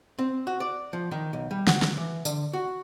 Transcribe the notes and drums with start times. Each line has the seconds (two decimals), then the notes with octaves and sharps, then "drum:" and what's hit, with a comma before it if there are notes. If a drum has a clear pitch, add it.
0.19 C4
0.47 F#4
0.60 D5
0.93 F3
1.11 D#3
1.33 B1
1.51 G3
1.67 F#5, drum: snare
1.82 drum: snare
1.97 E3
2.25 D3, drum: tambourine
2.53 F#4